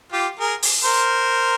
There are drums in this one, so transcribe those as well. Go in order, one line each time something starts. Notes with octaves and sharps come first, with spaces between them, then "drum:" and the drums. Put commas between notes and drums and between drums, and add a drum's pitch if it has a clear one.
F4 G4
G#4 A#4
drum: open hi-hat
A#4 C5